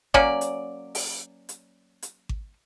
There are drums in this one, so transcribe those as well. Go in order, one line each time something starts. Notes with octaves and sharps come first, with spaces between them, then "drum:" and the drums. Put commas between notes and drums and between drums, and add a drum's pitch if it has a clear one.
F#3 A#3 C#4 D5, drum: kick G#1
drum: hi-hat
drum: open hi-hat
drum: hi-hat
drum: hi-hat
drum: kick G#1